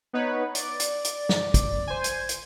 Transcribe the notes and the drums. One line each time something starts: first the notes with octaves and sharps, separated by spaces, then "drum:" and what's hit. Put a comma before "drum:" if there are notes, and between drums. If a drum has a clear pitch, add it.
B3 D#4 B4 C#5
D5, drum: hi-hat
drum: hi-hat
drum: hi-hat
drum: snare
drum: kick, hi-hat
C5 G#5
drum: hi-hat
drum: hi-hat